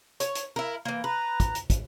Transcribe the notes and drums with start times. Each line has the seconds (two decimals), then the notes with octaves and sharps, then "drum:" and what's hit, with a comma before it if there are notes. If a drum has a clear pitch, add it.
0.20 C#5, drum: hi-hat
0.35 drum: hi-hat
0.56 E4 A#4
0.85 E3 A#3
1.04 B4 A#5
1.40 drum: kick, hi-hat
1.55 drum: hi-hat
1.70 drum: kick, hi-hat